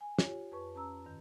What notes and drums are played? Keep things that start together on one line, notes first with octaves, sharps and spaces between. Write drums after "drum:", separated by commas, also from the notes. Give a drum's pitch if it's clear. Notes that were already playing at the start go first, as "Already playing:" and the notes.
G#5
F4 G4 C#5, drum: snare
F2 B4 A5 C#6
C#4 A5 A#5 E6
G2 D#3